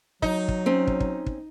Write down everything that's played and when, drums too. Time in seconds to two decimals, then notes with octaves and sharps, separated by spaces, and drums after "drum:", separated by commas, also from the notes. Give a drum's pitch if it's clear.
0.22 F#3 D#4, drum: kick
0.48 drum: kick
0.66 C4 C#4
0.87 drum: kick
1.00 drum: kick
1.26 drum: kick